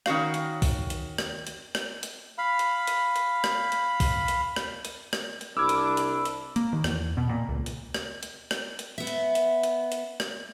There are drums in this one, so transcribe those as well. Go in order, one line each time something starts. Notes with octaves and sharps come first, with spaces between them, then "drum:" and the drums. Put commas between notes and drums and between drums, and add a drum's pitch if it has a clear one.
D#3 C#4 F#4 F5, drum: rim click
drum: hi-hat
drum: kick, open hi-hat
drum: hi-hat
drum: rim click
drum: hi-hat
drum: rim click
drum: hi-hat
F5 B5
drum: hi-hat
drum: hi-hat
drum: hi-hat
drum: rim click
drum: hi-hat
drum: kick, open hi-hat
drum: hi-hat
drum: rim click
drum: hi-hat
drum: rim click
drum: hi-hat
C2 D4 B5 D6 E6 F6 G#6
drum: hi-hat
drum: hi-hat
drum: hi-hat
A#3, drum: hi-hat
D#3
E2, drum: rim click
B2
A#2
C#2
drum: hi-hat
drum: rim click
drum: hi-hat
drum: rim click
drum: hi-hat
B3 E5
drum: hi-hat
drum: hi-hat
drum: hi-hat
drum: hi-hat
drum: rim click